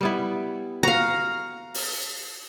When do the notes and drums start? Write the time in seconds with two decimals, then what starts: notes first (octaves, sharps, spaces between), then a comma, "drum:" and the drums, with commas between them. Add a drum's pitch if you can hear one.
0.01 G3 B3 E4
0.83 F#4 F5 A#5
1.74 drum: open hi-hat